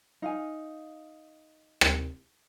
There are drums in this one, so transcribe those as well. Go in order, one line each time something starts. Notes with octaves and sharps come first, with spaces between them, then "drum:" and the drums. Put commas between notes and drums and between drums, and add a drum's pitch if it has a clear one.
D#4 F5 G#5
drum: rim click